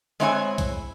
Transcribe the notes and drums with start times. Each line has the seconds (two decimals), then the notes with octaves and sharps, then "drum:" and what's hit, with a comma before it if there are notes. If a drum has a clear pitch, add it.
0.20 G#3 C4 E4 C#5 F#5 G#5
0.58 drum: kick, hi-hat